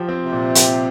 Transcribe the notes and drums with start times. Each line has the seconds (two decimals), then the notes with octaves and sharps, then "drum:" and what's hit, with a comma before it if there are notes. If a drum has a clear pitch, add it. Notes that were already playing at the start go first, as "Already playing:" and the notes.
Already playing: F3 G4
0.09 C4
0.24 C3
0.32 A#2
0.55 G4, drum: hi-hat